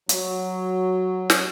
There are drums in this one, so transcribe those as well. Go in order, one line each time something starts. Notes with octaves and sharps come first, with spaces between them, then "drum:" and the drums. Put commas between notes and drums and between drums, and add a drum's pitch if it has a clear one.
F#3, drum: hi-hat
drum: snare